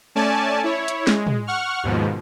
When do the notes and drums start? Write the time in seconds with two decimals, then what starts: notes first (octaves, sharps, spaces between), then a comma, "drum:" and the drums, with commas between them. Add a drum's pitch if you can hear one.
0.15 A3 C#4 D5 G#5 A5
0.64 E4 C#5
0.88 drum: hi-hat
1.07 G#3, drum: snare
1.27 drum: tom
1.47 F#5 C#6 F6
1.83 D#2 G#2 B2 F3